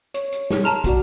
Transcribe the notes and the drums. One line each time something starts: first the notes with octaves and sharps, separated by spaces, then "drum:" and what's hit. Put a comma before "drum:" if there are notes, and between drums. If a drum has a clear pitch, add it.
C#5, drum: hi-hat
drum: hi-hat
drum: snare
A5 A#5 C6 F6
B3 F#4 D5, drum: kick, hi-hat